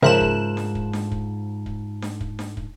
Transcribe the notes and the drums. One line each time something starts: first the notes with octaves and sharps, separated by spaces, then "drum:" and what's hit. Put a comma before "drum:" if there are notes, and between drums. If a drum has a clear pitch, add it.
G#2 C#3 F3 A#4 E5 F#6 E7
drum: kick
drum: snare D4
drum: kick
drum: snare D4
drum: kick
drum: kick
drum: snare D4
drum: kick
drum: snare D4
drum: kick